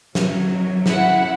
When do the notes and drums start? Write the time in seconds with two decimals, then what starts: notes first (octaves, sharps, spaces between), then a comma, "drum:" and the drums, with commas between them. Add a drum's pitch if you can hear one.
0.15 F#3, drum: snare
0.86 E4 F#5, drum: snare